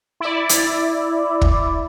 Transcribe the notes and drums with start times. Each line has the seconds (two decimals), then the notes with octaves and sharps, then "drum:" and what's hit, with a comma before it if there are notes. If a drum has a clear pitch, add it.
0.20 E4 D5
0.49 drum: hi-hat
1.41 drum: kick